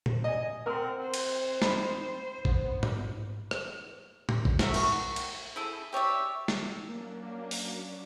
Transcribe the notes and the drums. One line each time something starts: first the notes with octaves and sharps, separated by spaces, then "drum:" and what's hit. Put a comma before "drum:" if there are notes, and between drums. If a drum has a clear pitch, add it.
drum: tom A#2
D#5 G#5
C4 A#4 F#5
C5
drum: cymbal
D#4 B5, drum: snare
B3 C5, drum: kick A1
drum: tom
drum: rim click
drum: tom A2
drum: kick A1
F#4 A#4 C#5 E5, drum: snare
A#4 F#5 C#6, drum: cymbal
drum: cymbal
E4 G#4 A4
G4 C#5 D5 E5
drum: snare
F#3 A#3 C#4 D4
drum: open hi-hat